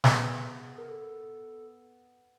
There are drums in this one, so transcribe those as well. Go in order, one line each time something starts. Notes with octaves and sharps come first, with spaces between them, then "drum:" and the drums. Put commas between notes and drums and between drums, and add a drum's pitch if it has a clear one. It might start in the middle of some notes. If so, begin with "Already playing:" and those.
B3 G#4, drum: snare
A#4
A4